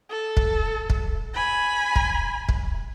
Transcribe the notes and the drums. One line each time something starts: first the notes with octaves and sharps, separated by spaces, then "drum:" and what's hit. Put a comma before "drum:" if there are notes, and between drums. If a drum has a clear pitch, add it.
A4
drum: kick
drum: kick
G#5 B5
drum: kick
drum: kick